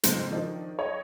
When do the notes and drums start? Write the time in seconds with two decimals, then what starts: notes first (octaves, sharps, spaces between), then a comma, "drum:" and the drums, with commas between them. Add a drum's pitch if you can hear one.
0.03 F2 G#2 C#3 C4, drum: hi-hat
0.31 D#3 F3 D4 D#4
0.79 C#5 D#5 G5